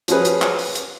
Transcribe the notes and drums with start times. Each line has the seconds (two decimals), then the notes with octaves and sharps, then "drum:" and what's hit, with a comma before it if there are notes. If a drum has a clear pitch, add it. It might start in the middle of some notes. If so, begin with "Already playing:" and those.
0.08 F3 C#4 F#4 G#4 B4, drum: hi-hat
0.25 drum: hi-hat
0.42 drum: clap
0.59 drum: open hi-hat
0.75 drum: hi-hat